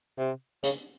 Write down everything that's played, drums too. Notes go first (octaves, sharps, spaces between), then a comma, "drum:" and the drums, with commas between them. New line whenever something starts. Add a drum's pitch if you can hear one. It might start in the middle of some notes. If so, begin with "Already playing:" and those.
C3
C#3, drum: hi-hat